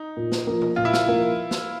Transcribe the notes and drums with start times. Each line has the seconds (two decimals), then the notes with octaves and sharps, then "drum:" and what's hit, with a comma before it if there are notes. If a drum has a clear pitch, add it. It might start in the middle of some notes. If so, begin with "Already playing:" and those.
Already playing: D#4
0.17 A#2
0.32 drum: snare
0.47 F3 A#3
0.61 drum: tom B2
0.76 A#2 F4
0.85 E4
0.93 F4, drum: snare
1.06 F3 A#3
1.21 drum: tom B2
1.51 drum: snare